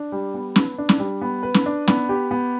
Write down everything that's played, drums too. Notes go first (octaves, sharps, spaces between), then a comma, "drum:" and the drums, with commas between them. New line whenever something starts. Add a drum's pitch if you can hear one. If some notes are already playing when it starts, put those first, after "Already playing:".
Already playing: D4
G3
B3
B4, drum: snare C#4
D4
drum: snare C#4
G3
B3
B4
drum: snare C#4
D4
B3, drum: snare C#4
G4
B3